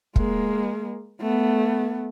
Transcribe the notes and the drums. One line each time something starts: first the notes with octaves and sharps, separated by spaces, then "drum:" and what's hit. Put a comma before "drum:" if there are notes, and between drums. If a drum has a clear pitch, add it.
G#3 A#3, drum: kick
A3 B3